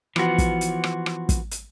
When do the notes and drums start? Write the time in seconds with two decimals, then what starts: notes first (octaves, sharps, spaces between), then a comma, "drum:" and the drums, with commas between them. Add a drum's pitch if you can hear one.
0.16 E3 F3 B3 F#4, drum: rim click
0.38 drum: kick, hi-hat
0.61 drum: hi-hat
0.84 drum: rim click
1.06 drum: rim click
1.29 drum: kick, hi-hat
1.51 drum: hi-hat